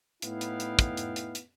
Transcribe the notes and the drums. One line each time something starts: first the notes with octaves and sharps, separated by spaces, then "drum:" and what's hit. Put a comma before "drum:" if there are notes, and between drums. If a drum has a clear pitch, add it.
A2 B3 D#4 E4 F5 G5, drum: hi-hat
drum: hi-hat
drum: hi-hat
drum: kick, hi-hat
drum: hi-hat
drum: hi-hat
drum: hi-hat